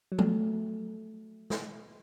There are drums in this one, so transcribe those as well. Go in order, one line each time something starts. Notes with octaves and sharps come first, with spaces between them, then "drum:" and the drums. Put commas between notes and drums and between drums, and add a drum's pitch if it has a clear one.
F#3
A3, drum: tom F3
drum: snare